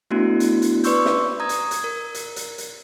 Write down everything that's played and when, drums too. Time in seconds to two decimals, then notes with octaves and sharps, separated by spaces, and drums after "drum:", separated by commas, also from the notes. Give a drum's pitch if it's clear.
0.11 A3 B3 D4 E4 F#4
0.40 drum: hi-hat
0.62 drum: hi-hat
0.84 B4 D5 C6 C#6 E6 G6, drum: hi-hat
1.06 drum: snare
1.40 A#5 D#6 G#6
1.49 drum: hi-hat
1.71 drum: hi-hat
1.84 A#4
2.15 drum: hi-hat
2.36 drum: hi-hat
2.58 drum: hi-hat